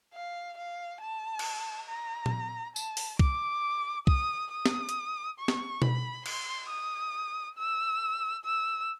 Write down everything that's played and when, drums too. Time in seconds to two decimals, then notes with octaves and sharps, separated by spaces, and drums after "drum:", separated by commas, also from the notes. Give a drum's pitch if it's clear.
0.14 F5
0.57 F5
1.01 A5
1.39 drum: cymbal
1.89 A#5
2.26 drum: tom A#2
2.76 A5, drum: tambourine
2.97 drum: open hi-hat
3.19 D6, drum: kick C2
4.07 D#6, drum: kick C2
4.51 D#6
4.66 drum: snare
4.89 drum: hi-hat
5.39 C#6
5.48 drum: snare
5.82 B5, drum: tom B2
6.26 C6, drum: cymbal
6.69 D#6
7.58 E6
8.44 E6